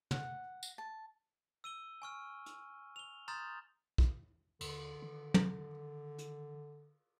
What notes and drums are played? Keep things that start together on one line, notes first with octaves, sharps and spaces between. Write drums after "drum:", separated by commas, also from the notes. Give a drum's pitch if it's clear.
F#5, drum: tom
drum: tambourine
A5
E6 D#7 G7
G#5 C#6 F6
drum: hi-hat
F7 G7
A#5 C6 D#6 F6 G6 A6
drum: kick
D#2 D3, drum: cymbal
D#3
drum: tom
drum: hi-hat